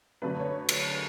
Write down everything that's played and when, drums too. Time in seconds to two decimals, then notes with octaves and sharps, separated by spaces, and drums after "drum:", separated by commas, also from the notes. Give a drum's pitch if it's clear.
0.22 F#2 D3 A3 D4 B4
0.40 C#5
0.69 drum: cymbal